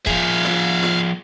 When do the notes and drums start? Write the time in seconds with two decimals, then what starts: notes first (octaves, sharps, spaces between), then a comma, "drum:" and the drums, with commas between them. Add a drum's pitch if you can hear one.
0.07 F3 G#4 E5 F5, drum: kick
0.45 drum: snare F4
0.83 drum: snare F4